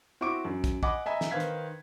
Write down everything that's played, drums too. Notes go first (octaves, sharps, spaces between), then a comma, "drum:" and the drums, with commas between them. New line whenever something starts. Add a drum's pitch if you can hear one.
C4 E4 F#4 C#6 D6 D7
F#2
drum: kick, hi-hat
D#5 F#5 G#5 B5 D6, drum: kick
D#5 E5 G#5 A#5 B5
drum: snare
D#3 B4 C5 F5 G#6 B6
drum: hi-hat